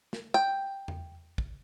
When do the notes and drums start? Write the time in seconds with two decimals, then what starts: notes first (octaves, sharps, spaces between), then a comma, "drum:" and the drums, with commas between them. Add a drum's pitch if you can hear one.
0.13 drum: snare
0.34 G5
0.88 drum: tom E2
1.38 drum: kick